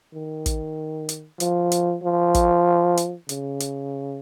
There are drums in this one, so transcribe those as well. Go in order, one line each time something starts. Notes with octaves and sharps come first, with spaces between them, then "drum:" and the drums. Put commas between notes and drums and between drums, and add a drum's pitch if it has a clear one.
D#3
drum: kick, hi-hat
drum: hi-hat
F3, drum: hi-hat
drum: hi-hat
F3
drum: kick, hi-hat
drum: hi-hat
C#3, drum: hi-hat
drum: hi-hat